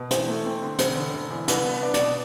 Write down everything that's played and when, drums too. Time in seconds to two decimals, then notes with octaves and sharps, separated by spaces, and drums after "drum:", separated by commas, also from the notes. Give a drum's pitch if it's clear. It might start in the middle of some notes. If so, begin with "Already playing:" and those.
Already playing: B2
0.11 E2 C5, drum: hi-hat
0.28 A3
0.46 C4
0.62 D3
0.79 E1 C5, drum: hi-hat
0.97 D3
1.14 E1
1.30 E2
1.48 C2 B4, drum: hi-hat
1.66 B3
1.83 D4
1.94 D5, drum: hi-hat
1.99 B2